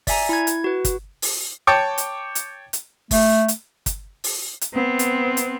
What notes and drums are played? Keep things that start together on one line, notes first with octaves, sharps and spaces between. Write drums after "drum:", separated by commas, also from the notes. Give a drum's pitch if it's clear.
D5 E5 G#5 A#5, drum: kick G1, open hi-hat
E4 G#6
drum: hi-hat
F#4 B4
drum: kick G1, hi-hat
drum: open hi-hat
C#5 G5 A5 C#6 D6
drum: hi-hat
drum: hi-hat
drum: hi-hat
A3, drum: kick G1, open hi-hat
drum: hi-hat
drum: kick G1, hi-hat
drum: open hi-hat
drum: hi-hat
B3 C4
drum: hi-hat
drum: hi-hat